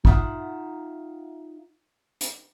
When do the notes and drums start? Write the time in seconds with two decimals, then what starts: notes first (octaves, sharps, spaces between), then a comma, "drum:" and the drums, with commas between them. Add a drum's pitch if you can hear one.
0.05 D#4 F4 E5 F#5, drum: kick
2.21 drum: hi-hat